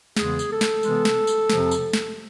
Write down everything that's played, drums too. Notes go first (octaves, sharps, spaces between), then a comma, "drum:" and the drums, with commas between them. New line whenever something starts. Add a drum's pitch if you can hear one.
E2 C#3 E3 G#3 B3 G#4, drum: snare
drum: tambourine
A4
drum: snare
C3 E3 G#3 B3, drum: tambourine
drum: snare
drum: tambourine
F2 C3 F3, drum: snare
drum: tambourine
drum: snare